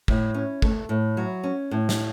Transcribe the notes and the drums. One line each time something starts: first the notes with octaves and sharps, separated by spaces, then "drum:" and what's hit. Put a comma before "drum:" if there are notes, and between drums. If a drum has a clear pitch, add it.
A2, drum: kick
C#4
A3, drum: kick
A2
F#3
C#4
A2
drum: snare